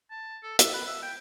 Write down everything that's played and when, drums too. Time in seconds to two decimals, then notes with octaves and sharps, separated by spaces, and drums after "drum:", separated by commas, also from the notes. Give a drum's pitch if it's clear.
0.10 A5
0.43 A4
0.59 E5, drum: hi-hat
0.74 B4
0.87 E5
1.02 G5